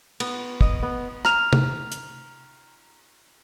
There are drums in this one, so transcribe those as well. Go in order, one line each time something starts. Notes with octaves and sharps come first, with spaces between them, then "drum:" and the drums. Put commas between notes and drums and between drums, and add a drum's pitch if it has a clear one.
B3, drum: cymbal
D#5, drum: kick
B3
A#5 F6 F7, drum: rim click
drum: tom C3
drum: hi-hat